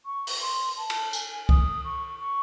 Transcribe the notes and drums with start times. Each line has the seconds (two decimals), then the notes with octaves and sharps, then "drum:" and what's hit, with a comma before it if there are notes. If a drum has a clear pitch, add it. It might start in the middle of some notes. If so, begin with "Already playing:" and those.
0.06 C#6
0.27 drum: open hi-hat
0.41 C6
0.77 A5
0.90 drum: cymbal
1.13 G#5, drum: tambourine
1.49 D#6, drum: kick C2
1.85 C#6
2.20 C#6